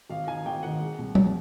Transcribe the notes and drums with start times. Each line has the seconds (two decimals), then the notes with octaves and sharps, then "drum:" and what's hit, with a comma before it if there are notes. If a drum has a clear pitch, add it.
0.10 G#1 F5
0.27 D#3 G#5
0.46 G#1 G5
0.63 D#3 F#5
0.81 G#3
0.99 C2
1.15 C2, drum: tom F3